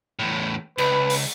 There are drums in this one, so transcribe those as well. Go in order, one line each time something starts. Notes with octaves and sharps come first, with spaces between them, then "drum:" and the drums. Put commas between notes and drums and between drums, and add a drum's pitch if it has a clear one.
E2 A2
C#2 B4, drum: cymbal
drum: open hi-hat